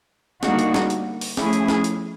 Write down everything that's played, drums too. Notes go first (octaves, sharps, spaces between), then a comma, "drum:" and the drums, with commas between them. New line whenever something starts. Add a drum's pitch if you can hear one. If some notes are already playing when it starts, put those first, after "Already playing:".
D3 G3 A#3 D#4 F#4, drum: snare
drum: hi-hat
drum: snare
drum: hi-hat
drum: open hi-hat
F3 A3 C#4 E4 G#4, drum: snare
drum: hi-hat
drum: snare
drum: hi-hat